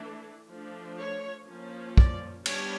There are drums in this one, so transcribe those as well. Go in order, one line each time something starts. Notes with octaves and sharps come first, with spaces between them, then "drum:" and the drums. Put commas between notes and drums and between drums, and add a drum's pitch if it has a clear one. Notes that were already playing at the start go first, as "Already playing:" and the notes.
Already playing: E3 A3 D4
F3 A3 D4
C#5
F3 A#3 C#4
D5, drum: kick
G3 B3 D4 C#5, drum: cymbal